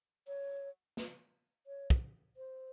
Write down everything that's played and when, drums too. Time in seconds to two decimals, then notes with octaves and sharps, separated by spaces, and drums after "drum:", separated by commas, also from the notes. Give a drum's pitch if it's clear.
0.27 C#5
0.97 drum: snare
1.67 C#5
1.90 drum: kick
2.37 C5